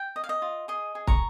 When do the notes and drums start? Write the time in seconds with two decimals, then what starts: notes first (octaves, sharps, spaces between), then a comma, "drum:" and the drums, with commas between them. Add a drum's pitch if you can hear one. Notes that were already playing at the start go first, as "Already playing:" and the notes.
Already playing: G5
0.16 D#5
0.24 F5
0.29 D#5
0.42 F4
0.68 G#4 D#5
0.95 G#4
1.07 A#5 C#6, drum: kick